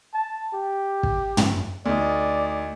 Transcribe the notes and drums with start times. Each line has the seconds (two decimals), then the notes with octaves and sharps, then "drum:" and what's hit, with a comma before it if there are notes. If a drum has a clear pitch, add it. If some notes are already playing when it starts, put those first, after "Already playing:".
0.14 A5
0.54 G4
1.03 drum: kick
1.37 drum: tom
1.86 D2 D#4 D5